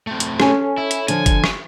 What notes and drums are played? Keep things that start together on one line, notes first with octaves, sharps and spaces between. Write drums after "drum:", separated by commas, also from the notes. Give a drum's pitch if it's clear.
A3 C4
drum: hi-hat
C#4 A4 C#5 G#5, drum: rim click
E4
drum: hi-hat
D3 F3 G#5, drum: hi-hat
drum: kick, hi-hat
drum: rim click